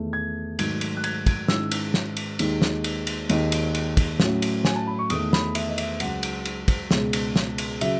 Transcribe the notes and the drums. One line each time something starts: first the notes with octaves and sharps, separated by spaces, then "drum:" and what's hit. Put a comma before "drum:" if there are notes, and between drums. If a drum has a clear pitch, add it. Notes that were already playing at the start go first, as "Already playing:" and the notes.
Already playing: E2 D#3 A3
G#6
G#2 D#3 F#3 A3 G#6, drum: cymbal
drum: cymbal
F#6
G#6, drum: cymbal
G#6, drum: kick, cymbal
G#2 D#3 G#3 C#4 E4 E6, drum: snare
drum: cymbal
drum: snare
drum: cymbal
D#2 D#3 G#3 D#4, drum: cymbal
drum: snare
drum: cymbal
drum: cymbal
D#2 D#3 G#3 D#4, drum: cymbal
drum: cymbal
drum: cymbal
drum: kick, cymbal
A2 F#3 C#4, drum: snare
drum: cymbal
G#5, drum: snare
A5
B5
C#6
E2 D#3 A3 D#6, drum: cymbal
B5, drum: snare
E5, drum: cymbal
D#5
E5, drum: cymbal
C#2 C#3 F#3 F#5, drum: cymbal
drum: cymbal
drum: cymbal
drum: kick, cymbal
C#2 B2 G#3, drum: snare
drum: cymbal
drum: snare
drum: cymbal
C#3 F#3 E5, drum: cymbal